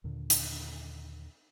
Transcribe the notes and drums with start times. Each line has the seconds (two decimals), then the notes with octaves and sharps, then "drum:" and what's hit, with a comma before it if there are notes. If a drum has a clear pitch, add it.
0.04 D#2 A#2 D3
0.30 drum: hi-hat